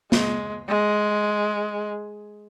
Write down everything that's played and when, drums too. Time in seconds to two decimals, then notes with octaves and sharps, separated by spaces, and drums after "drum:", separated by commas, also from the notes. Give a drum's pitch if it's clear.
0.12 G#3, drum: snare
0.68 G#3